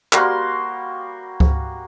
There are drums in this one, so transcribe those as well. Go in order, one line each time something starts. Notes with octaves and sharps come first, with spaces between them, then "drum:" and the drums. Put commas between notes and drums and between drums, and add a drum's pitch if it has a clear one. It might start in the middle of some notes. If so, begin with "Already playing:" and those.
G3 A#3 F#4 C6, drum: clap
drum: kick C#2